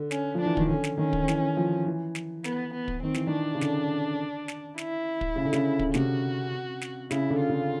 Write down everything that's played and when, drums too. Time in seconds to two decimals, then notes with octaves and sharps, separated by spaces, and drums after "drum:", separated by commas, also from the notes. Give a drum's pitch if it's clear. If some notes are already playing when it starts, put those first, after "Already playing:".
Already playing: D3
0.11 C#4, drum: snare
0.35 F3
0.40 D4
0.46 E3
0.57 D#3, drum: kick
0.69 D3 C#4
0.84 drum: snare
0.98 D#3 C#4
1.13 drum: kick
1.28 E3, drum: snare
1.57 F3
1.86 E3
2.15 drum: snare
2.44 B3, drum: snare
2.73 B3
2.88 drum: kick
3.03 D#3 C4
3.14 E3, drum: snare
3.27 D#3
3.32 D4
3.55 C#3
3.61 D3, drum: snare
4.48 drum: snare
4.78 E4, drum: snare
5.21 drum: kick
5.36 C#3
5.45 D3
5.53 C#3, drum: snare
5.79 drum: kick
5.94 C3 F#4, drum: snare
6.81 drum: snare
7.11 C#3 E4, drum: snare
7.30 D3
7.40 F4
7.49 C#3